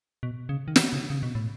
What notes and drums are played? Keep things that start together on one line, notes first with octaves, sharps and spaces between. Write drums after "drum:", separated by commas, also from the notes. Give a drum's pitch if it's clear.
B2
C#3
D#3
E3, drum: snare
C#3
C#3
B2
A2